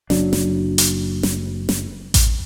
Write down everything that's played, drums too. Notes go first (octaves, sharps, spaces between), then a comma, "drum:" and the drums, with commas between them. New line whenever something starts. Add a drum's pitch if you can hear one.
F#1 F#3 D4, drum: snare
drum: snare
drum: hi-hat
drum: snare
drum: snare
drum: kick A1, hi-hat